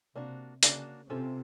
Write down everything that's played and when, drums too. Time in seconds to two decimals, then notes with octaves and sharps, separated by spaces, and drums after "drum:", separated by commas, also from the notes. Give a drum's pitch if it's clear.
0.15 C3 A#3 D4 F#4
0.63 C#3 A#3 D4 F#4, drum: hi-hat
1.09 C3 C#4 F4 A4 C5